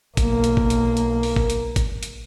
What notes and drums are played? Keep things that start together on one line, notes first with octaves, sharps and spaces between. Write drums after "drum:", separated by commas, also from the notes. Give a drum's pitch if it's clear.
B1 A#3, drum: kick G#1, hi-hat
drum: hi-hat
drum: kick G#1
drum: hi-hat
drum: hi-hat
drum: open hi-hat
drum: kick G#1
drum: hi-hat
drum: kick G#1, hi-hat
drum: hi-hat